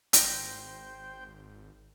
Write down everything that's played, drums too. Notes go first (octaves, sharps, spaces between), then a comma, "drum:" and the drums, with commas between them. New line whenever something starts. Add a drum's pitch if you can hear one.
G#1 C5 G5 A#6 D7, drum: hi-hat